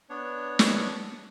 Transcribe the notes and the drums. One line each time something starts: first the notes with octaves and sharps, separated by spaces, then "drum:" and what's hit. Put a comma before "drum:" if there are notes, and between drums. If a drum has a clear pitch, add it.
B3 D4 C#5
drum: snare